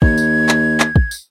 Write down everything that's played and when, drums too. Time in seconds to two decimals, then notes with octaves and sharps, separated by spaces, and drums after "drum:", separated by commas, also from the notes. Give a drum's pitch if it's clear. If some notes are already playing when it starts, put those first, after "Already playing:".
0.02 D#2 G#6, drum: kick
0.18 drum: tambourine
0.49 drum: clap
0.80 drum: clap
0.96 drum: kick
1.11 drum: tambourine